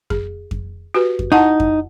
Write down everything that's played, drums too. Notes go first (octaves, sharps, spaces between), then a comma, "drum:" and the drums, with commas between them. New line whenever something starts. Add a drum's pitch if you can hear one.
G#4, drum: kick F2
drum: kick F2
F#4 G4 B4
drum: kick F2
D#4 E4 F#5 A5
drum: kick F2